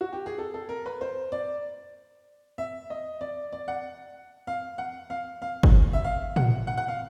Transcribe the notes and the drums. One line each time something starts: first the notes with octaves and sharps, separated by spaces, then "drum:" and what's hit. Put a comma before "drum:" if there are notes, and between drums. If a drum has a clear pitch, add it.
F#4
G4
G#4
A4
A4
A#4
B4
C5
D5
E5
D#5
D5
D5
F#5
F5
F#5
F5
F5
drum: kick
E5
F5
F#5, drum: tom
F#5
F#5
F5